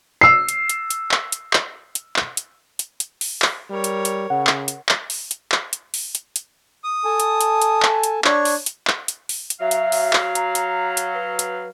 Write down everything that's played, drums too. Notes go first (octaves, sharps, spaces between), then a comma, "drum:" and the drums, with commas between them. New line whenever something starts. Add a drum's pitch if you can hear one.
E6 C7
drum: hi-hat
drum: hi-hat
drum: hi-hat
drum: clap
drum: hi-hat
drum: clap
drum: hi-hat
drum: clap
drum: hi-hat
drum: hi-hat
drum: hi-hat
drum: open hi-hat
drum: clap
G3 A#4 C#5
drum: hi-hat
drum: hi-hat
C#3 F#5
drum: clap
drum: hi-hat
drum: clap
drum: open hi-hat
drum: hi-hat
drum: clap
drum: hi-hat
drum: open hi-hat
drum: hi-hat
drum: hi-hat
D#6
A4 G#5 A5
drum: hi-hat
drum: hi-hat
drum: hi-hat
drum: clap
drum: hi-hat
D4 C#5, drum: clap
drum: open hi-hat
drum: hi-hat
drum: clap
drum: hi-hat
drum: open hi-hat
drum: hi-hat
F#3 E5 F5
drum: hi-hat
drum: open hi-hat
drum: clap
A#5, drum: hi-hat
drum: hi-hat
drum: hi-hat
B4
drum: hi-hat